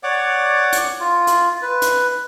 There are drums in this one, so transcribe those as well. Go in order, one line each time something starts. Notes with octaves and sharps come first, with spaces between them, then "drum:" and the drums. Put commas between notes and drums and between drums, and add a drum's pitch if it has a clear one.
C#5 D5 F#5 D6
drum: hi-hat
F4
drum: hi-hat
B4
drum: hi-hat